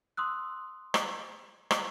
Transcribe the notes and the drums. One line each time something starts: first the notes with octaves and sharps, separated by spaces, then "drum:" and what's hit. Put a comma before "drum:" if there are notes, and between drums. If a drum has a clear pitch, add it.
C6 D#6 E6 F#6
drum: rim click
drum: rim click